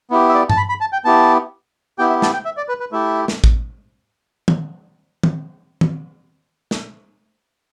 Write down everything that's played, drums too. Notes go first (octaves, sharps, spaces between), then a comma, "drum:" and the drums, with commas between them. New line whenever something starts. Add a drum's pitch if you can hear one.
B3 E4 G4
E5
D5
A5, drum: tom G2
B5
B5
A5
G5
B3 E4 G4 A5
B3 E4 G4 G5
E5
A5, drum: snare
G5
E5
D5
B4
B4
A3 E4 G4 E5
drum: snare
drum: kick
drum: tom
drum: tom
drum: tom
drum: snare